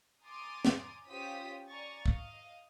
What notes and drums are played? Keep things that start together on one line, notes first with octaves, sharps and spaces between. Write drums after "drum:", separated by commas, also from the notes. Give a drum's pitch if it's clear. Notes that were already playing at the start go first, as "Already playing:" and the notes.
G#5 A#5 C6 D6 D#6 A6
drum: snare
C#4 F4 G4 C5 D#6 B6
D5 G#5 A#5 C#6 A6
D#5 F5, drum: kick